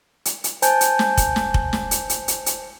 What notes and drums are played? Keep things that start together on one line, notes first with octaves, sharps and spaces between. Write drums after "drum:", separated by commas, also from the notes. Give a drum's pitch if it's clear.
drum: hi-hat
drum: hi-hat
C5 G#5 A5 G6, drum: hi-hat
drum: hi-hat
drum: snare
drum: kick F1, hi-hat
drum: snare
drum: kick F1
drum: snare
drum: hi-hat
drum: hi-hat
drum: hi-hat
drum: hi-hat